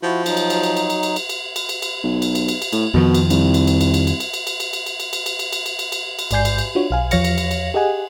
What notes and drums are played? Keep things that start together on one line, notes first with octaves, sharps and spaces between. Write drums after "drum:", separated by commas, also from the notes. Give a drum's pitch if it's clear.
F3 E4 F#4
F#3 D#4, drum: cymbal
drum: cymbal
drum: cymbal
drum: cymbal
drum: cymbal
drum: cymbal
drum: cymbal
drum: cymbal
drum: cymbal
drum: cymbal
drum: cymbal
drum: cymbal
B1
drum: cymbal
drum: cymbal
drum: cymbal
drum: cymbal
A2, drum: cymbal
F2 B2 D#3 F3
drum: cymbal
C2, drum: cymbal
drum: cymbal
drum: cymbal
drum: cymbal
drum: cymbal
drum: cymbal
drum: cymbal
drum: cymbal
drum: cymbal
drum: cymbal
drum: cymbal
drum: cymbal
drum: cymbal
drum: cymbal
drum: cymbal
drum: cymbal
drum: cymbal
drum: cymbal
drum: cymbal
drum: cymbal
drum: cymbal
A1 G#2 D5 G#5 G6 C7, drum: cymbal
drum: cymbal
drum: cymbal
D4 F4 F#4 C#5
B1 F5 G#5
E2 F3 C#5 F5 A#6 C#7, drum: cymbal
drum: cymbal
drum: cymbal
drum: cymbal
G4 G#4 D#5 F#5 G#5